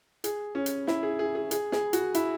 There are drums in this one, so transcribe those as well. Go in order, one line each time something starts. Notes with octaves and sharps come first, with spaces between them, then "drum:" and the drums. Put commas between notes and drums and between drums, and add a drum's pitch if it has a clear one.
G#4, drum: hi-hat
C#4
drum: hi-hat
E4, drum: snare
G#4
G#4
G#4
G#4, drum: hi-hat
G#4, drum: snare
F#4, drum: hi-hat
E4, drum: hi-hat